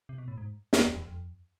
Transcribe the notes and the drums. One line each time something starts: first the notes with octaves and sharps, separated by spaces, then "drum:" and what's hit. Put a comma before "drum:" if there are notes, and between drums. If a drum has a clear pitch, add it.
C3
B2
A2
G#2
F2, drum: snare
E2
F2
E2
F2